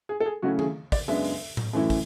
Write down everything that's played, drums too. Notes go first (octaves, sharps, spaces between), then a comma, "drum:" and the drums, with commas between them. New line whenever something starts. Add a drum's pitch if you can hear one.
G#4
A4
G#4
C#3 F#3 A3 C#4 E4 F#4
G#4, drum: tom D#3
D5, drum: kick, open hi-hat
F#2 C#3 G#3 B3 D4 E5
drum: open hi-hat
drum: tom A2
F#2 E3 A3 C#4 E4
drum: kick, open hi-hat